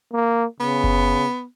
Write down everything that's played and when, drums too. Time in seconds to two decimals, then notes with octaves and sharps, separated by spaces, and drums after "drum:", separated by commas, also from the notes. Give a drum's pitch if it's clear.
0.13 A#3
0.60 C#3 B3
0.84 drum: kick F#1